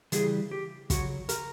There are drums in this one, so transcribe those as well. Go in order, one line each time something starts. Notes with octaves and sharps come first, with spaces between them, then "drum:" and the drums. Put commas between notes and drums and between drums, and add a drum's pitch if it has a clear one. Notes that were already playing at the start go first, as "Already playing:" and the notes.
C#3 E3 G3 G#4, drum: hi-hat
G4
C#3 F#3 F#4, drum: kick, hi-hat
A#4, drum: hi-hat